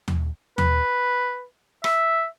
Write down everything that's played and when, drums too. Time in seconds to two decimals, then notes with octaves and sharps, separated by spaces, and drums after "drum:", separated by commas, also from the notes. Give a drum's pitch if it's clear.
0.08 drum: tom D#2
0.58 B4, drum: tom D#2
1.84 E5, drum: rim click